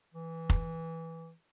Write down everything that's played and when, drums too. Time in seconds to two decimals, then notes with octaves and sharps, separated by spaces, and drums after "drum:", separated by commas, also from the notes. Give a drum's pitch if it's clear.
0.14 E3
0.50 drum: kick F1